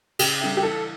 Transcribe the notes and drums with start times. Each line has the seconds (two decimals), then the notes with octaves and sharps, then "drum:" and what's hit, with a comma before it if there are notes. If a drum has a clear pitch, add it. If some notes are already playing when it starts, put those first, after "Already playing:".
0.19 C#3 G4, drum: cymbal
0.40 G3 D4 A4 E5
0.57 G4
0.63 E3 A4